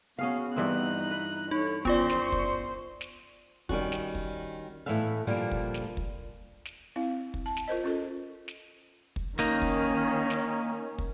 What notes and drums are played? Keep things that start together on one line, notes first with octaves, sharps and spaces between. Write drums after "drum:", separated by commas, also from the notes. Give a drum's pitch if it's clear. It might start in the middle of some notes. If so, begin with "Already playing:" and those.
B3 C#4 F#4 G#4 F5
G2 E3 C4 D#4 F#6
B4
D#4 A4 C#5
D#3 B3 C#4 F4 C5 D5, drum: kick
drum: snare
F#2 C#6
drum: kick
drum: snare
D#3 G3 C#4 F#4, drum: kick
drum: snare
drum: kick
A2 E3 B3 E5 F5
A#2 D3 F3 G3 A#3
drum: kick
drum: snare
drum: kick
drum: snare
C4 E4 F5
drum: kick
A5
drum: snare
F4 A#4 C5 D#5
C#4 F4 A4
drum: snare
drum: kick
D#3 A#3 C#4 D#4, drum: snare
drum: kick
drum: snare
drum: kick